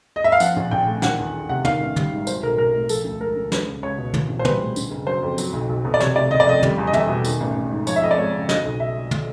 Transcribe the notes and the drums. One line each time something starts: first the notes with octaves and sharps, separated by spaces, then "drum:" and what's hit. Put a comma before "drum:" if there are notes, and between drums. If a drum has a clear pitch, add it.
D#5
E5
F5
F3 F#5, drum: tambourine
A#1
A#1 G5
A2
D#3 F#5, drum: snare
E2
E2
C3 F#5
D#3 F5, drum: tom
A1
G3, drum: tom
G#2
F#3 C5, drum: tambourine
B1 A#4
B1 A#4
A2
F3 A4, drum: tambourine
D2
G#3 A#4
D3
G#3 B4, drum: snare
C#2
C#2 C#5
B2
E3, drum: tom
A#1
C5
G3 B4, drum: tom
A2
D3, drum: tambourine
F#1
F#3 C5
F2
F#3, drum: tambourine
B1
B1
B2
D5
C3 C#5, drum: snare
F1 D5
F1 D#5
D5
F2 D#5
G3, drum: tom
E2
D#5
E2 E5, drum: tom
B2
D#3, drum: tambourine
A1
A1
G#2
F3 C#5, drum: tambourine
E5
F2 D#5
D5
G#3 C#5
C#3
F#3 D#5, drum: snare
B1
E5
drum: tom